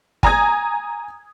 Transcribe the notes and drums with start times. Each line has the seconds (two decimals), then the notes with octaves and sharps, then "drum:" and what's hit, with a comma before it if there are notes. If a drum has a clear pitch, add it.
0.23 G#5 A#5 D#6 G#6, drum: kick